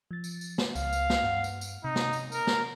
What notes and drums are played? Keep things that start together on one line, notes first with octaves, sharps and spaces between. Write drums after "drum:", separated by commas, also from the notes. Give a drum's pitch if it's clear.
F3 A6
drum: tambourine
drum: tambourine
drum: snare
C#2 F5, drum: tambourine
drum: tambourine
drum: snare
G2 F#5
drum: tambourine
drum: tambourine
C3 D#4
drum: snare
drum: tambourine
A#4, drum: tambourine
drum: snare